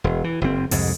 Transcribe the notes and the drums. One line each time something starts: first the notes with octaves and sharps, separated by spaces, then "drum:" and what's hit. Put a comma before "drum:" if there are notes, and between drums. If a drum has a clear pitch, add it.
E1
E3
F#1 C4
C2 F2 G#2, drum: open hi-hat